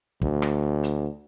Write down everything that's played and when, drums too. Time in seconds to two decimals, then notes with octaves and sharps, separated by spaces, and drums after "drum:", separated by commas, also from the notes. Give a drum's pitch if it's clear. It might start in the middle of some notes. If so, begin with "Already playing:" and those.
0.21 D2, drum: kick
0.42 drum: rim click
0.83 drum: hi-hat